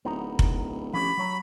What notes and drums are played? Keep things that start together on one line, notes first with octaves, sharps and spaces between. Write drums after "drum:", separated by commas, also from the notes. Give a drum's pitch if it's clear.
D1 B3 D#4 A#5
drum: kick F1
F3 C#4 G4 B5
F#3 C#5 A#5